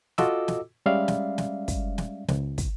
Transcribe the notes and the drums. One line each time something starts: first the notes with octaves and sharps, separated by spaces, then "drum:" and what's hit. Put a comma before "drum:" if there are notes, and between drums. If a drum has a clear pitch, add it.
F4 F#4 A4 D#5 D6 E6, drum: snare
drum: snare
G3 G#3 C#4 D5 E5 F5
drum: snare
drum: snare
drum: kick, hi-hat
drum: snare
C#2, drum: snare
drum: kick, hi-hat